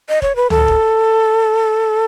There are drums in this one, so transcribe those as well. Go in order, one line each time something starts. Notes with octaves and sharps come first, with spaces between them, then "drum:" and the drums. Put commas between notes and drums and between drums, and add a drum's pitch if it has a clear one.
D#5
C#5, drum: kick
B4
A4, drum: tom C#2
drum: kick